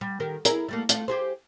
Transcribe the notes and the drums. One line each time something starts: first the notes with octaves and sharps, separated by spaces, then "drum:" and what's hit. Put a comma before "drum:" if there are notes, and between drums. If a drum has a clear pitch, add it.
G3
D#3 G4 A#4
E4 G#4 A#4, drum: hi-hat
G3 A3 A#3
A3 F4, drum: hi-hat
G4 G#4 C5